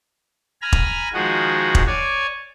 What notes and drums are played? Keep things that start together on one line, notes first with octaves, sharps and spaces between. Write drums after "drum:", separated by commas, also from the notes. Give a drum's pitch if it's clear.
G#5 A#5 B5 F6
drum: kick E1
D#3 F3 G#3 F#4
drum: kick E1
C#5 D5 G#5